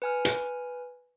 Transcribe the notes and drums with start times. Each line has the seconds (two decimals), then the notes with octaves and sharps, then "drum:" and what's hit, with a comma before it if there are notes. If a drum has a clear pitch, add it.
0.02 B4 G#5 F6
0.25 drum: hi-hat